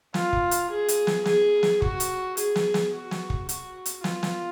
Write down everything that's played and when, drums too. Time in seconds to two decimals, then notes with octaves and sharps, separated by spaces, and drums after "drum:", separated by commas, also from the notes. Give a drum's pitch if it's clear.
0.14 F4, drum: snare
0.33 drum: kick
0.51 drum: hi-hat
0.70 G#4
0.88 drum: hi-hat
1.07 drum: snare
1.25 G#4, drum: snare
1.63 drum: snare
1.82 F#4, drum: kick
2.00 drum: hi-hat
2.37 G#4, drum: hi-hat
2.56 drum: snare
2.74 drum: snare
2.93 F#4
3.11 drum: snare
3.30 drum: kick
3.49 F#4, drum: hi-hat
3.86 drum: hi-hat
4.04 F4, drum: snare
4.23 drum: snare